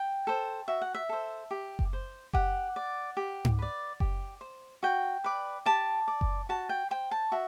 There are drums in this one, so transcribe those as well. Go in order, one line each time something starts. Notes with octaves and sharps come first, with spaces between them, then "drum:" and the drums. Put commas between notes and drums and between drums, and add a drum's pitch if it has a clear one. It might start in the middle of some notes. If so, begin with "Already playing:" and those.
Already playing: G5
A4 C5
F#4 E5
F#5
E5
A4 C5
G4
drum: kick F#1
C5
G4 F#5, drum: kick F#1
D5
G4
drum: tom G#2
B4 D5
G4, drum: kick F#1
C5
F#4 G5
B4 D5
G4 A5
D5
drum: kick F#1
F#4 A5
G5
C5 G5
A5
F#4 E5